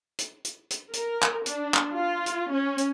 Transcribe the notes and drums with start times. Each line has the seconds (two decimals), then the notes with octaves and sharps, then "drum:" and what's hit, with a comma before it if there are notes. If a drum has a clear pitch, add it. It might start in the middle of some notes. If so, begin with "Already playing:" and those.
0.19 drum: hi-hat
0.45 drum: hi-hat
0.70 drum: hi-hat
0.93 A#4, drum: hi-hat
1.22 drum: clap
1.46 D4, drum: hi-hat
1.74 drum: clap
1.95 F4
2.26 drum: hi-hat
2.52 C#4
2.78 drum: hi-hat